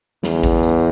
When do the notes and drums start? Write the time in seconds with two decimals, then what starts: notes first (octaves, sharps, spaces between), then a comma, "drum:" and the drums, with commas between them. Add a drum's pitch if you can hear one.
0.23 E2, drum: snare
0.43 drum: kick A1, tambourine
0.63 drum: tambourine